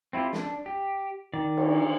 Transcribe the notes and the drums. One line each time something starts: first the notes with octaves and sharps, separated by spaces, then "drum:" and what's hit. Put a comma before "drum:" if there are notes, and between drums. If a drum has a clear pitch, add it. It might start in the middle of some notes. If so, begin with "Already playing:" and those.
C4 E4 F4 G4
D4, drum: snare
G4
D#3 D5
drum: cymbal